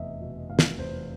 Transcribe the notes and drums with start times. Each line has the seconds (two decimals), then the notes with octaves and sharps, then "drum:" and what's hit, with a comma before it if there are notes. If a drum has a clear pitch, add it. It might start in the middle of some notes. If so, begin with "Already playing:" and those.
Already playing: F1 E2 D#5 E5
0.21 B2
0.49 F1 F5
0.59 drum: snare
0.79 E2 C5